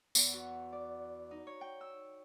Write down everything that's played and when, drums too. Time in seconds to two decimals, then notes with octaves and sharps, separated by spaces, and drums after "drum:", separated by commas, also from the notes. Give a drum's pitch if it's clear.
0.15 E2, drum: tambourine
0.34 F#4
0.72 D5
1.31 D#4
1.47 C#5
1.61 G5
1.81 E6